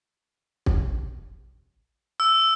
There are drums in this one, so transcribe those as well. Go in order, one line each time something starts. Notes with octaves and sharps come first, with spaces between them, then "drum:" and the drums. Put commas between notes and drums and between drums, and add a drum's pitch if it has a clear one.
drum: kick
E6